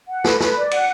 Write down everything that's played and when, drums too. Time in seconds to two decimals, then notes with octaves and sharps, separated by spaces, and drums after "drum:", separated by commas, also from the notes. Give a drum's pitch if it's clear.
0.08 F#5
0.24 B4, drum: snare
0.40 B4, drum: snare
0.55 D5
0.71 F#5, drum: cymbal